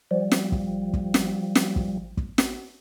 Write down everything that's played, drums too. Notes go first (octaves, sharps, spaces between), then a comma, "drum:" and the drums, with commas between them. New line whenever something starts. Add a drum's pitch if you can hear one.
F3 G3
drum: snare
drum: kick
drum: kick
drum: snare
drum: snare
drum: kick
drum: kick
drum: snare